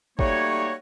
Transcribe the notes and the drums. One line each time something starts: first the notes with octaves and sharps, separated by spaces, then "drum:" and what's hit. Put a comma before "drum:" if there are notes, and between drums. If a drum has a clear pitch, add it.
G3 A3 A#3 D#4 F#4 C#5, drum: kick